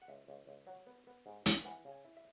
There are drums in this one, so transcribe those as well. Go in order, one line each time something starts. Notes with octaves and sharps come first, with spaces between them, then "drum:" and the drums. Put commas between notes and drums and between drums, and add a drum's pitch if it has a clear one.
F#5
C#2 E5
C#2
C#2
F#3
B3
B3
G#2
G#2, drum: hi-hat
E3 F#5
C#3
G#5
E4
E5